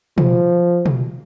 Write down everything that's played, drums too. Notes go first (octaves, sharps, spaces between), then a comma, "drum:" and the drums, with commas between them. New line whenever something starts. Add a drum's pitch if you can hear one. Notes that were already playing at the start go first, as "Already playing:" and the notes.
F3, drum: tom B2
drum: tom B2